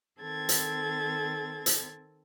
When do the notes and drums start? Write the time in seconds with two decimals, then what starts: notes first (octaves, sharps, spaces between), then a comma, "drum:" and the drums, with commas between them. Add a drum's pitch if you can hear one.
0.19 D#3 C4 A4 G#6 A6
0.49 drum: hi-hat
1.66 drum: hi-hat